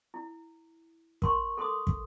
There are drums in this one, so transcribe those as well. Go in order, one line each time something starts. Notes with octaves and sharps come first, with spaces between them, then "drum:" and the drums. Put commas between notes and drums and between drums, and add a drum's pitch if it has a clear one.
E4
A#4 C6 C#6, drum: kick
A4 C6 D6 D#6
drum: kick